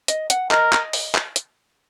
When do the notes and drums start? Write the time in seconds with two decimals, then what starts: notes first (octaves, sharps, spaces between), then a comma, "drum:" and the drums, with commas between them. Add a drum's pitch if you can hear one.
0.08 D#5, drum: hi-hat
0.30 F#5, drum: hi-hat
0.51 A#4 D#5, drum: clap
0.72 D#5, drum: clap
0.93 drum: open hi-hat
1.15 drum: clap
1.36 drum: hi-hat